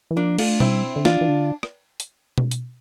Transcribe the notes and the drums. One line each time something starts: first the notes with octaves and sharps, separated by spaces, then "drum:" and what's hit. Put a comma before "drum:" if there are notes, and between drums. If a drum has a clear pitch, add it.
E3
F3 A#3 D4
A3 D4 F4, drum: cymbal
G3 C4 E4, drum: tom B2
D3
E3 D4 F4, drum: snare
E3
D3
drum: rim click
drum: hi-hat
drum: tom B2
drum: hi-hat